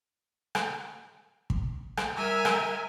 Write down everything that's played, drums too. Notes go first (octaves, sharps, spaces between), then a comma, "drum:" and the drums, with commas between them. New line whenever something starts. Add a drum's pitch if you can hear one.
drum: rim click
drum: kick
drum: rim click
G3 A#4 E5 G#5 F6
drum: rim click